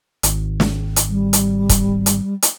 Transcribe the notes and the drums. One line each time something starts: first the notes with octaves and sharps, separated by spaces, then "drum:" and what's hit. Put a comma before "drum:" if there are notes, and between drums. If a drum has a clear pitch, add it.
G#1, drum: hi-hat
drum: snare
drum: hi-hat
G3
drum: hi-hat
drum: kick, hi-hat
drum: hi-hat
drum: hi-hat